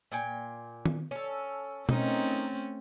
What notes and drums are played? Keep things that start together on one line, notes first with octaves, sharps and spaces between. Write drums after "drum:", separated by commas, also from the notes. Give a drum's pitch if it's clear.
A#2 G5 G#5
drum: tom D#3
C#4 A4
A3 C4 C#4 D#4 A#4, drum: tom B2